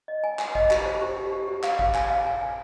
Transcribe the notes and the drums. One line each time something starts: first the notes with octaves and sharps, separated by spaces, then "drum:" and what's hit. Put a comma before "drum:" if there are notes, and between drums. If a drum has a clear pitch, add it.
D#5
G#5
G#5, drum: clap
D#5, drum: kick A1
G4, drum: clap
C5
G4
G4
G4
G4
F5, drum: clap
F5, drum: kick A1
G#5, drum: clap
F5
G#5
G#5